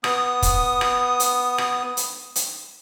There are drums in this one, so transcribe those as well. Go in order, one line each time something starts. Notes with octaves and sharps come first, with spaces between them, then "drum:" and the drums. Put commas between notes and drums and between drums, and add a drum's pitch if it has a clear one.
B3 D#6, drum: rim click
drum: kick, hi-hat
drum: rim click
drum: hi-hat
drum: rim click
drum: hi-hat
drum: hi-hat